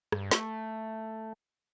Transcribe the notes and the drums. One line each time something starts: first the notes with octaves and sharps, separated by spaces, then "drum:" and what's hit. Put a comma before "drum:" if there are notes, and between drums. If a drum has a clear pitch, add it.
G2, drum: rim click
A3, drum: snare